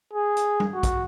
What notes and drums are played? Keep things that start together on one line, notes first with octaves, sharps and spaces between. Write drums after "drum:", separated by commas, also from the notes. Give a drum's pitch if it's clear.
G#4
drum: hi-hat
drum: tom G3
F#4
drum: kick, hi-hat